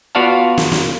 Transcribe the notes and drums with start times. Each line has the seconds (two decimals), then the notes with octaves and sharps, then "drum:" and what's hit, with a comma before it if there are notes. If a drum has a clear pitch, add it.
0.15 B3 F4 F#4 D5 F5 A5
0.58 drum: snare
0.72 drum: snare